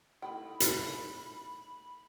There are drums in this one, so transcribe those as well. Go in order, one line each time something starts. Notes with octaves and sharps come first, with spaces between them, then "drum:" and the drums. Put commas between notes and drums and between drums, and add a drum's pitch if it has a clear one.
A3 D#4 E4 G5 B5
drum: hi-hat